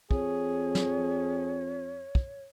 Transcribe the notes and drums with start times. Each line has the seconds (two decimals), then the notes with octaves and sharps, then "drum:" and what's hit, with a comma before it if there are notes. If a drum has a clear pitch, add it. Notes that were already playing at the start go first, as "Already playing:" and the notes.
0.11 F2 G#4 C#5, drum: kick
0.75 drum: snare
2.15 drum: kick